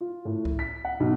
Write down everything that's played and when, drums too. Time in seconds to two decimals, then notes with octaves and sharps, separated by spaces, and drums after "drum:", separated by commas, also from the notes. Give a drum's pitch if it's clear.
0.01 F4
0.25 A2
0.45 drum: kick C#2
0.59 B6
0.85 F#5
1.00 B1